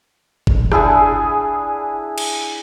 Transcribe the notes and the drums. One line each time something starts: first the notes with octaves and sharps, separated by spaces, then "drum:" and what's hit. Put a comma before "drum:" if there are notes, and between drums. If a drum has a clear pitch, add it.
drum: kick F#1
D4 E4 G#4 F#5, drum: rim click
drum: cymbal